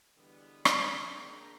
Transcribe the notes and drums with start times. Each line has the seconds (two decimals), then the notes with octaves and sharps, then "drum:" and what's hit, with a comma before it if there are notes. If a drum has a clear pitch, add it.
0.17 D3 E3 G3 G#3 B3
0.65 drum: rim click
1.14 A#3 D4 G#4 G5 A#5